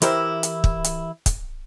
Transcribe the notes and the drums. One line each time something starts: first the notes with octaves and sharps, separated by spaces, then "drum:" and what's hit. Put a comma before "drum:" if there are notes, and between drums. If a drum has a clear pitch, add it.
E3 E4 G4 A#4 C5, drum: hi-hat
drum: hi-hat
drum: kick
drum: hi-hat
drum: kick, hi-hat